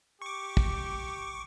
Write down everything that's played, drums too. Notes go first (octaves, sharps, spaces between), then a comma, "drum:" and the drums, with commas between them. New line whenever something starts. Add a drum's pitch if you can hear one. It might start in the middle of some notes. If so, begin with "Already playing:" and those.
G4 C#6 D6
drum: kick